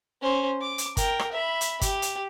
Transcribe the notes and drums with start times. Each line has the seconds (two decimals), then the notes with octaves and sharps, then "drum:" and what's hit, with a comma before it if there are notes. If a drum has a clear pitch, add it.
0.22 C#4 C5
0.61 D6
0.78 drum: hi-hat
0.97 A#4 G5, drum: kick G1, hi-hat
1.19 drum: rim click
1.32 E5 B5
1.61 drum: hi-hat
1.81 G4, drum: kick G1, hi-hat
2.02 drum: hi-hat